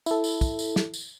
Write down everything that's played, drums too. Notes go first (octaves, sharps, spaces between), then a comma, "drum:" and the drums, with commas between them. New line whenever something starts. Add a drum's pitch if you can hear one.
E4 A4, drum: tambourine
drum: tambourine
drum: kick, tambourine
drum: tambourine
drum: snare
drum: tambourine